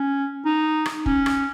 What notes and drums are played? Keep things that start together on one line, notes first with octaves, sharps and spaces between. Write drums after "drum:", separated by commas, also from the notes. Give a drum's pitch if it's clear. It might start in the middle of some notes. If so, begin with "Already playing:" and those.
Already playing: C#4
D#4
drum: rim click
C#4, drum: kick
drum: rim click